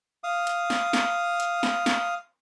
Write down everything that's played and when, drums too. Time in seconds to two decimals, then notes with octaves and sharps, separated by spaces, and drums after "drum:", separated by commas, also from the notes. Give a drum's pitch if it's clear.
0.24 F5 D#6
0.47 drum: hi-hat
0.70 drum: snare
0.93 drum: snare
1.40 drum: hi-hat
1.63 drum: snare
1.86 drum: snare